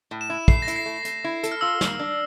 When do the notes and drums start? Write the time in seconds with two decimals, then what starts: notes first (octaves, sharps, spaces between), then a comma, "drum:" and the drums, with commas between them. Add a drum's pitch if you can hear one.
0.11 A2
0.21 E7
0.30 E4
0.48 A3 C7, drum: kick
0.62 A#6
0.68 E4, drum: hi-hat
0.76 C7
0.86 A3
1.05 A3, drum: hi-hat
1.24 E4
1.43 A4, drum: hi-hat
1.52 F6
1.61 F4 E6
1.81 A#3, drum: snare
1.99 D4